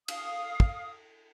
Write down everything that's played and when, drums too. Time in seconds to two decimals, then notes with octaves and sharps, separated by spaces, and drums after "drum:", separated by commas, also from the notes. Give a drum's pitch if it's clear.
0.08 F5 D#6, drum: cymbal
0.60 drum: kick